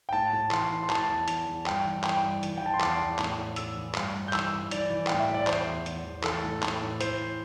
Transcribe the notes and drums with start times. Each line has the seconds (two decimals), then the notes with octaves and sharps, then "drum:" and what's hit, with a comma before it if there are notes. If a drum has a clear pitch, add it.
0.09 G5
0.13 A2 A5
0.33 A2
0.51 E3 C6, drum: clap
0.71 E3
0.83 C6
0.90 E3 A5, drum: clap
1.09 E2
1.28 E2, drum: hi-hat
1.47 E2
1.66 G2 G5, drum: clap
1.85 E3
2.04 E3 G5, drum: clap
2.23 G2
2.43 E3, drum: hi-hat
2.58 G5
2.61 E3 A5
2.74 C6
2.81 E2 D6, drum: clap
3.00 E2
3.19 A2, drum: clap
3.38 A2
3.56 A2 E6, drum: hi-hat
3.76 E3
3.95 G2, drum: clap
4.14 G2
4.28 G6
4.33 E3 E6, drum: clap
4.53 G2
4.71 E3 D5, drum: hi-hat
4.90 E3
5.07 A2 G5, drum: clap
5.20 E5
5.29 A2
5.34 D5
5.47 E2 C5, drum: clap
5.67 E2
5.86 E2, drum: hi-hat
6.05 E2
6.24 E3 A4, drum: clap
6.44 A2
6.63 A2, drum: clap
6.82 A2
7.01 E3 C5, drum: hi-hat